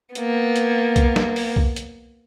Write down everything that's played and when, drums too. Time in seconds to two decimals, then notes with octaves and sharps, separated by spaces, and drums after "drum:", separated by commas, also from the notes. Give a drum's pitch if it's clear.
0.15 A#3 B3, drum: hi-hat
0.56 drum: hi-hat
0.96 drum: kick B1, hi-hat
1.16 drum: snare
1.36 drum: open hi-hat
1.56 drum: kick B1
1.76 drum: hi-hat